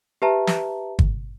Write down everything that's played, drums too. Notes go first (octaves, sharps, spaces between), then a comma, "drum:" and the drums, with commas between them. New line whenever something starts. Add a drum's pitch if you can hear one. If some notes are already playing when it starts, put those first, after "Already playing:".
G4 B4 E5 A5 A#5
drum: snare
drum: kick